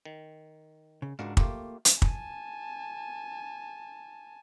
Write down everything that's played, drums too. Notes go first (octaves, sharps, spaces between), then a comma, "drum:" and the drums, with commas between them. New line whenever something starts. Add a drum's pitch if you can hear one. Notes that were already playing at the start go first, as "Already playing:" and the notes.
D#3
C#3
C#2 G#2 D4 F#4 A#4 F5
A3 A#3 F4 G4, drum: kick
drum: hi-hat
G#5 A5, drum: kick